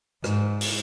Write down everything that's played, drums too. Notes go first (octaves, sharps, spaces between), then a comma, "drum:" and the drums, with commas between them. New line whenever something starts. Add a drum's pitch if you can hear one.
G#2, drum: rim click
drum: open hi-hat